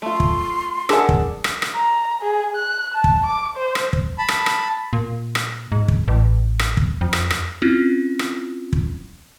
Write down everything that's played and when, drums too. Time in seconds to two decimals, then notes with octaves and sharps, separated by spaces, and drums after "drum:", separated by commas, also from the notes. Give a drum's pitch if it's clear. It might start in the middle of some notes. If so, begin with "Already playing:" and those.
0.02 A3 F4 C6
0.20 drum: kick
0.89 D4 G#4 A#4 F#5 E6, drum: rim click
1.09 drum: kick
1.44 drum: rim click
1.62 drum: rim click
1.76 A#5
2.22 G#4
2.56 F#6
2.94 A5
3.04 drum: kick
3.26 D6
3.57 C5
3.75 drum: rim click
3.93 drum: kick
4.18 A5 B5
4.28 drum: rim click
4.46 drum: rim click
4.93 A#2
5.35 drum: rim click
5.72 G#2
5.88 drum: kick
6.08 A1
6.59 drum: rim click
6.77 drum: kick
7.01 F2
7.13 drum: rim click
7.30 drum: rim click
7.62 C4 C#4 E4 F4
8.19 drum: rim click
8.73 drum: kick